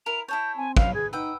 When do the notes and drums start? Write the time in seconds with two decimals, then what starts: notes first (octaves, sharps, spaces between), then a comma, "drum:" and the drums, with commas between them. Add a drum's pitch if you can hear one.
0.06 E4 A#4 F7
0.28 E4 A4 C#5 G6
0.57 C4 G#5
0.77 F#3 B4 F5, drum: kick
0.95 G#4 G#6
1.13 D#4 B4 F#5 G5 E6